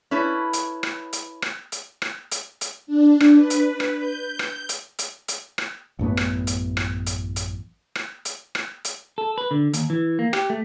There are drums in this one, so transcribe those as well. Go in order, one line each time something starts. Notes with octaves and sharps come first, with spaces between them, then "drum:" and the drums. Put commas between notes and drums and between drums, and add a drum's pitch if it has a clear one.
C#4 E4 A4 B4
drum: hi-hat
drum: rim click
drum: hi-hat
drum: rim click
drum: hi-hat
drum: rim click
drum: hi-hat
drum: hi-hat
D4
drum: rim click
B4
drum: hi-hat
drum: rim click
G6
drum: rim click
drum: hi-hat
drum: hi-hat
drum: hi-hat
drum: rim click
A1 F#2 A3 B3
drum: rim click
drum: hi-hat
drum: rim click
drum: hi-hat
drum: hi-hat
drum: rim click
drum: hi-hat
drum: rim click
drum: hi-hat
A4
B4
D3
D#2, drum: hi-hat
E3
A#3
G4, drum: rim click
A3